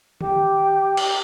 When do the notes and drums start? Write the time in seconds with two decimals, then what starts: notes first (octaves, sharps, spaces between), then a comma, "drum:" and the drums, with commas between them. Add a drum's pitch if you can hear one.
0.21 G4, drum: tom D#3
0.97 drum: cymbal